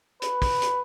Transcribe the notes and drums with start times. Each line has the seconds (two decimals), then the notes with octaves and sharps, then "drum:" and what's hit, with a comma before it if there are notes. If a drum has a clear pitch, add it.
0.22 B4, drum: hi-hat
0.42 drum: kick, open hi-hat
0.62 drum: hi-hat